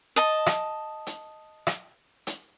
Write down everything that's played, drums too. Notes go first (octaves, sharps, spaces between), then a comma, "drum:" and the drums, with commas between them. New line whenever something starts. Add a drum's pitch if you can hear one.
D#5 A5
drum: rim click
drum: hi-hat
drum: rim click
drum: hi-hat